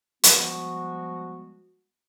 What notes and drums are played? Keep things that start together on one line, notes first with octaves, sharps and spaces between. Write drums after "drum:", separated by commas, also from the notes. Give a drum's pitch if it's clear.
F3 G3 G#3 B3 F#4, drum: hi-hat